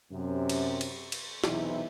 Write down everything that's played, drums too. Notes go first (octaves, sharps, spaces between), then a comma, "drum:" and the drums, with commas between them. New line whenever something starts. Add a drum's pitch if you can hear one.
F#2 C3
drum: cymbal
drum: cymbal
drum: cymbal
B1 E2 C3 E3 D#4 E4, drum: snare